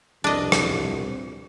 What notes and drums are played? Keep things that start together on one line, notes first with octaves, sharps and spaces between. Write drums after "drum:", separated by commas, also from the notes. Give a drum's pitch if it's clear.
C2 F2 B2 D4 D#5
drum: rim click